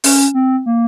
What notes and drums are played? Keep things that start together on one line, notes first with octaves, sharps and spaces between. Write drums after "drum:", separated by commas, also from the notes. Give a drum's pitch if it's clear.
C#4, drum: open hi-hat
C4
A#3